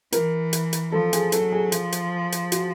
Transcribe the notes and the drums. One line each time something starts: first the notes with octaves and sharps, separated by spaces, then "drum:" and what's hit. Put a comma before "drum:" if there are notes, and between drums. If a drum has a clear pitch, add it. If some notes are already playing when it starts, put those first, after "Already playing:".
E3 A#4, drum: hi-hat
drum: hi-hat
drum: hi-hat
F3 A4
G#4, drum: hi-hat
F#3 A4, drum: hi-hat
G#4
F3, drum: hi-hat
drum: hi-hat
drum: hi-hat
F#4, drum: hi-hat